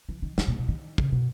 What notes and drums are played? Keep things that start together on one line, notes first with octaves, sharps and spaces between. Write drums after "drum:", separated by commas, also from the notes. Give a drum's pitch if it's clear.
E3
D#3
D#3, drum: snare
A#2
B2
D#3
C#3, drum: kick
B2